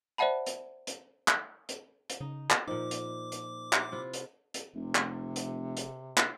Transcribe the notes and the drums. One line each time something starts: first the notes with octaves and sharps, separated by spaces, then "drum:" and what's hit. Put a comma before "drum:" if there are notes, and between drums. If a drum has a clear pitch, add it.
C5 D5 E5 F#5 A5 B5
drum: hi-hat
drum: hi-hat
drum: clap
drum: hi-hat
drum: hi-hat
C#3 D#4
drum: clap
A#2 F3 D#4 D6
drum: hi-hat
drum: hi-hat
drum: clap
C3 E4 F4
drum: hi-hat
drum: hi-hat
F1 C3
drum: clap
drum: hi-hat
drum: hi-hat
drum: clap